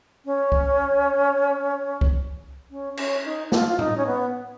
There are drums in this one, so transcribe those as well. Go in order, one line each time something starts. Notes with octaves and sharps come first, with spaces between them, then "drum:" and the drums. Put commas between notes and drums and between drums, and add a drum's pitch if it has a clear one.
C#4
drum: kick C2
drum: kick C2
C#4
C#4, drum: cymbal
D#4
F4, drum: snare
F4
D#4, drum: tom A2
C#4
B3